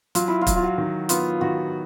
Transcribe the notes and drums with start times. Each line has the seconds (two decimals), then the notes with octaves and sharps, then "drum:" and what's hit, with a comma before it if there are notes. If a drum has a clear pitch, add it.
0.15 F#3 F4, drum: hi-hat
0.28 E4
0.41 F4
0.47 F#3, drum: kick, hi-hat
0.56 F4
0.63 F#4
0.78 D#3
1.09 B3 F4, drum: hi-hat
1.41 D#3 F#4